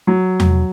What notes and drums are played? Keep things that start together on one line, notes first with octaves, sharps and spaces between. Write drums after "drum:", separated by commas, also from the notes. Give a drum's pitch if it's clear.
F#3
drum: tom E2